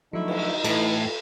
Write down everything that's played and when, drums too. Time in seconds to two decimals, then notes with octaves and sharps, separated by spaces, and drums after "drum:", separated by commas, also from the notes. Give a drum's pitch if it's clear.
0.13 D3 F3 F#3 A3 D#4 E4
0.28 drum: cymbal
0.65 A2 E3 A4, drum: cymbal